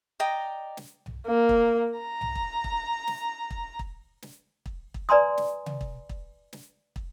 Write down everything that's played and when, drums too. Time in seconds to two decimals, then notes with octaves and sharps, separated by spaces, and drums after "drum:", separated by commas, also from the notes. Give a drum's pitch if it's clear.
0.20 D5 D#5 G5 A#5
0.77 drum: snare
1.06 drum: tom B1
1.27 A#3
1.49 drum: kick
1.99 A#5
2.21 drum: tom B1
2.35 drum: kick
2.64 drum: kick
3.07 drum: snare
3.50 drum: kick
3.79 drum: kick
4.22 drum: snare
4.66 drum: kick
4.94 drum: kick
5.09 B4 D5 G#5 A#5 C6 D#6
5.37 drum: snare
5.66 drum: tom C3
5.81 drum: kick
6.09 drum: kick
6.53 drum: snare
6.96 drum: kick